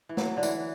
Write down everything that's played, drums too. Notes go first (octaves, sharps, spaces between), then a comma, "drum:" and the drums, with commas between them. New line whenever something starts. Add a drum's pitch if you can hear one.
E3
F#3, drum: snare
D3
E3, drum: tambourine